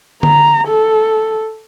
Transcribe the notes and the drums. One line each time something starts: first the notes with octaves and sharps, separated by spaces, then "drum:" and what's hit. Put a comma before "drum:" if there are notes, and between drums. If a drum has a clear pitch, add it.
A#5, drum: tom D3
A4